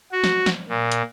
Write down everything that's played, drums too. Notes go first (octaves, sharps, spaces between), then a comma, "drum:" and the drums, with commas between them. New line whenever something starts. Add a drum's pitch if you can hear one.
F#4
drum: snare
drum: snare
A#2
drum: hi-hat